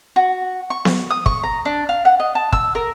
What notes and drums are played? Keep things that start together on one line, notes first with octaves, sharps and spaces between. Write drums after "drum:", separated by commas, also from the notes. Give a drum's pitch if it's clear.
F#4
C#6
drum: snare B3
D#6
C#6, drum: kick
A#5
D4
F5
F#5
D#5
A5
E6, drum: kick
A#4